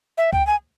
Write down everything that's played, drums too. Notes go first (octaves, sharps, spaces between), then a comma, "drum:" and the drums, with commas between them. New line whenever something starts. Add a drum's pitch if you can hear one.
E5
G5, drum: kick
G#5